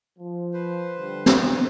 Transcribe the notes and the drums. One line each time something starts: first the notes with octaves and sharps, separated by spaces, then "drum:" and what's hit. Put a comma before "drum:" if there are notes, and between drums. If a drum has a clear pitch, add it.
F3
B4 C5
D3 F3 G3
drum: snare